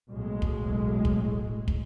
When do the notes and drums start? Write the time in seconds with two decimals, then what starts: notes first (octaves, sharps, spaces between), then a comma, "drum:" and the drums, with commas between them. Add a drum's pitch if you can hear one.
0.10 B1 A2 G#3
0.42 drum: kick
1.05 drum: kick
1.68 drum: kick